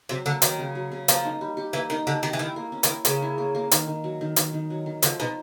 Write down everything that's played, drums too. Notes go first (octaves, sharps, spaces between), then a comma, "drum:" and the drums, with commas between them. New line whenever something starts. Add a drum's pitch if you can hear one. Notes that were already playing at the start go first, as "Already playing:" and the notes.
C3 F#3
D3 A#3
D#3 F#3, drum: hi-hat
C#3
F#3
C#3
F3 A#3, drum: hi-hat
D#4
G3
G4
E3 A#3
D#3 D#4
D3 G4
D#3 G4
E3
D#3 E4
A#3
C#4
D#3, drum: hi-hat
E4
C#3 A#3, drum: hi-hat
E4
A#3
A#3
D#3, drum: hi-hat
D#3
F#3
D#3
D#3, drum: hi-hat
D#3
F#3
D#3
D3 F3, drum: hi-hat
B2 D#4